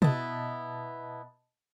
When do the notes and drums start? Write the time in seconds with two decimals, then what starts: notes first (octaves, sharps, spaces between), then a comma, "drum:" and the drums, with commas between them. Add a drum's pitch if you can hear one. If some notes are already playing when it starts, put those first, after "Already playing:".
0.02 B2 B3 E4 D#5 A5, drum: tom